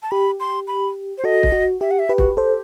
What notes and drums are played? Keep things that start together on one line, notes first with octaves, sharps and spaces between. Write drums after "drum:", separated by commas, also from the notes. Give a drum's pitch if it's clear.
A5
G4 B5
C6
B5
C5
F#4 A4 D#5
drum: kick
F#4
G4 E5
F#5
E5
G4 B4
F#4, drum: kick
G4 A4 C5